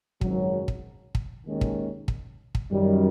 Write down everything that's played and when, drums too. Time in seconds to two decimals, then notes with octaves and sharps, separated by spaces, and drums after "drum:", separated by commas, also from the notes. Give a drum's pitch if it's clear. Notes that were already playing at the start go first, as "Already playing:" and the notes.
0.21 G#1 F#2 C#3 F#3, drum: kick
0.68 drum: kick
1.15 drum: kick
1.46 D#2 D#3 G#3 C#4
1.61 drum: kick
2.08 drum: kick
2.55 drum: kick
2.71 F#2 D#3 G3